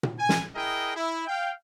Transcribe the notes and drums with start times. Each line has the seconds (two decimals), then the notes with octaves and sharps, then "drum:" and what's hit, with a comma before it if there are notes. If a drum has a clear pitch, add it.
0.03 drum: tom A#2
0.19 G#5
0.29 drum: snare
0.55 E4 G#4 A#4 D#5 G5
0.96 E4
1.27 F5 G5